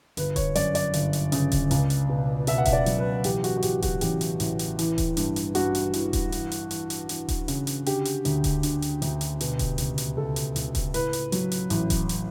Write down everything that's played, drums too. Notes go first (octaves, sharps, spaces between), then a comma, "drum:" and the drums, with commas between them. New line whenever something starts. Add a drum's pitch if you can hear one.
G1 B4, drum: hi-hat
C#5, drum: kick D#1, hi-hat
F#2 D5, drum: hi-hat
D5, drum: hi-hat
G1, drum: hi-hat
drum: hi-hat
C#3, drum: hi-hat
drum: kick D#1, hi-hat
C#2, drum: hi-hat
drum: hi-hat
B2
B2 E5, drum: hi-hat
F#5
E5, drum: kick D#1, hi-hat
D5
F#3, drum: hi-hat
B4
A1 G4, drum: hi-hat
F#4, drum: hi-hat
F#4
A1 G4, drum: hi-hat
F#4, drum: kick D#1, hi-hat
A1 G4, drum: hi-hat
drum: hi-hat
A1, drum: hi-hat
drum: hi-hat
E3, drum: hi-hat
drum: kick D#1, hi-hat
G2, drum: hi-hat
drum: hi-hat
G2 F#4, drum: hi-hat
drum: hi-hat
E3, drum: hi-hat
drum: kick D#1, hi-hat
E3, drum: hi-hat
drum: hi-hat
E3, drum: hi-hat
drum: hi-hat
E3, drum: hi-hat
drum: kick D#1, hi-hat
C#3, drum: hi-hat
drum: hi-hat
D3 G4, drum: hi-hat
drum: hi-hat
D2, drum: hi-hat
drum: kick D#1, hi-hat
D3, drum: hi-hat
drum: hi-hat
D2, drum: hi-hat
drum: hi-hat
B2, drum: hi-hat
drum: kick D#1, hi-hat
C#2, drum: hi-hat
drum: hi-hat
C#2 A4
drum: hi-hat
C#2, drum: hi-hat
drum: kick D#1, hi-hat
A2 B4, drum: hi-hat
drum: hi-hat
F#3, drum: hi-hat
drum: hi-hat
A1, drum: hi-hat
drum: kick D#1, hi-hat
drum: hi-hat